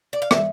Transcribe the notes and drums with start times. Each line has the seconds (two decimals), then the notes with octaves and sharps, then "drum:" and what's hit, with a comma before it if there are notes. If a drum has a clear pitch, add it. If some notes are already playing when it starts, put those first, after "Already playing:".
0.13 D5
0.22 F5
0.31 E5, drum: rim click